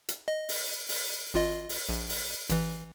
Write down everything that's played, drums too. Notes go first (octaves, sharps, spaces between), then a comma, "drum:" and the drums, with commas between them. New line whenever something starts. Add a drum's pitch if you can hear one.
drum: hi-hat
D#5
drum: open hi-hat
drum: open hi-hat
G#1 F4 D#5
drum: open hi-hat
A#1
drum: open hi-hat
A1 E3, drum: hi-hat